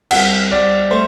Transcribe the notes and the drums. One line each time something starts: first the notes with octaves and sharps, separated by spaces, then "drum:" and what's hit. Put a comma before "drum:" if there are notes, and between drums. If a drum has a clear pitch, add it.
C2 F#5, drum: cymbal
C2 D5
A3 C5